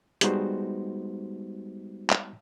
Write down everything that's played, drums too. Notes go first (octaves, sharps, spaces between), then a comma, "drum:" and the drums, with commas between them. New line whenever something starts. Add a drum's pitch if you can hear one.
G3 G#3 B3 D#4 F#4 C5, drum: hi-hat
drum: clap